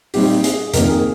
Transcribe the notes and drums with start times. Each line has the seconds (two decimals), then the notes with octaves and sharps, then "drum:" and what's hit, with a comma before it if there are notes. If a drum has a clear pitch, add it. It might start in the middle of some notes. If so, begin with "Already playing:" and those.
0.14 A#2 G3 C4 D#4 G4, drum: open hi-hat
0.44 G#4, drum: hi-hat
0.73 F2 D#3 A#3 A#4, drum: hi-hat
0.89 G#4